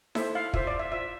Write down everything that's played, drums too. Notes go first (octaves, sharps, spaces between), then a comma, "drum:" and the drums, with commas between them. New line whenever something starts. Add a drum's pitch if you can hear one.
E4 A4 C5 E5, drum: snare D#4
F5
F4 C5 E5, drum: kick
D5
E5
F4 C5 E5